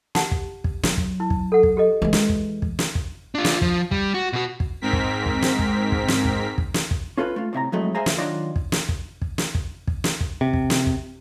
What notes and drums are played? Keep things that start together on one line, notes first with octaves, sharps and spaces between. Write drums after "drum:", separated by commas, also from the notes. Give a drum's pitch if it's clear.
G4 F#5 A5, drum: snare
drum: kick
drum: kick
F#3, drum: snare
drum: kick
E4
drum: kick
A4 F#5
drum: kick
G4 A4 D#5
E3 G#3
drum: snare
drum: kick
drum: kick
drum: snare
drum: kick
D4 F4
drum: snare
F3, drum: kick
G3, drum: kick
F#4
B2 F#4
drum: kick
G#2 C4 A#4 B6
drum: kick
drum: kick
drum: snare
drum: kick
drum: kick
drum: snare
drum: kick
drum: kick
drum: snare
drum: kick
C#4 F4 A4 B4 F5
A3 F4
A2 C3 E5 A#5
F2 A2 F#3 G#3 A3
G#4 C5 E5 F5 G#5 A#5
drum: snare
D#3 F#3 D4 F4 D5 D#5
drum: kick
drum: snare
drum: kick
drum: kick
drum: snare
drum: kick
drum: kick
drum: snare
drum: kick
C3
drum: kick
drum: snare
drum: kick